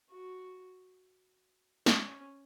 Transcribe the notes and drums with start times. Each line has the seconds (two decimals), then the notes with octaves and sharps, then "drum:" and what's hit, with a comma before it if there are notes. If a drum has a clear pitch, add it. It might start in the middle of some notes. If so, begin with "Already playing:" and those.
0.10 F#4
1.86 C#4, drum: snare